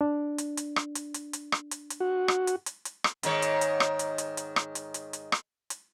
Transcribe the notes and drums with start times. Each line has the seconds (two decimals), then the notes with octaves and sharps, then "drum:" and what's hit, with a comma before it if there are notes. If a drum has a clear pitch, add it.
0.01 D4
0.38 drum: hi-hat
0.57 drum: hi-hat
0.76 drum: rim click
0.95 drum: hi-hat
1.14 drum: hi-hat
1.33 drum: hi-hat
1.52 drum: rim click
1.71 drum: hi-hat
1.90 drum: hi-hat
2.00 F#4
2.28 drum: rim click
2.47 drum: hi-hat
2.66 drum: hi-hat
2.85 drum: hi-hat
3.04 drum: rim click
3.23 G#2 D#3 C#5, drum: hi-hat
3.42 drum: hi-hat
3.61 drum: hi-hat
3.80 drum: rim click
3.99 drum: hi-hat
4.18 drum: hi-hat
4.37 drum: hi-hat
4.56 drum: rim click
4.75 drum: hi-hat
4.94 drum: hi-hat
5.13 drum: hi-hat
5.32 drum: rim click
5.70 drum: hi-hat